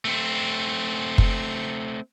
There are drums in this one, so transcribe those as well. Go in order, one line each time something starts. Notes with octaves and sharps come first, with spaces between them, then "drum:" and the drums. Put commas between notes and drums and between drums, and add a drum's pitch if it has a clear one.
A3 C4
drum: kick